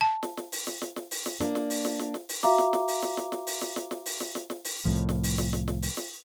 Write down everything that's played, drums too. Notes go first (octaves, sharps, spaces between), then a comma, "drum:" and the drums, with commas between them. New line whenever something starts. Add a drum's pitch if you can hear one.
A5
drum: snare
drum: snare
drum: open hi-hat
drum: snare
drum: snare
drum: snare
drum: open hi-hat
drum: snare
A#3 D4, drum: snare
drum: snare
drum: open hi-hat
drum: snare
drum: snare
drum: snare
drum: open hi-hat
F#4 E5 F5 A#5 D6, drum: snare
drum: snare
drum: snare
drum: open hi-hat
drum: snare
drum: snare
drum: snare
drum: open hi-hat
drum: snare
drum: snare
drum: snare
drum: open hi-hat
drum: snare
drum: snare
drum: snare
drum: open hi-hat
C2 A2 F3
drum: snare
drum: open hi-hat
drum: snare
drum: snare
drum: snare
drum: open hi-hat
drum: snare